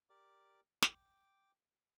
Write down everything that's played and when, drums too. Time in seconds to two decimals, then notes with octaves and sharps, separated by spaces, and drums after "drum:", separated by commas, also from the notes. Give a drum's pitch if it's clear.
0.10 G4 A#4 D5 D6
0.82 G5 D6, drum: snare